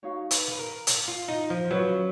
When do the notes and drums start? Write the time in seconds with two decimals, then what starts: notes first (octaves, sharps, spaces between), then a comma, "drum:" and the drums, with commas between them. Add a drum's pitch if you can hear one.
0.03 D#4 F#4 C#5 F5
0.31 B4, drum: hi-hat
0.52 B4
0.59 A#4
0.87 drum: hi-hat
1.08 F4
1.28 D#4
1.50 F3
1.71 F#3 C#4 F4 B4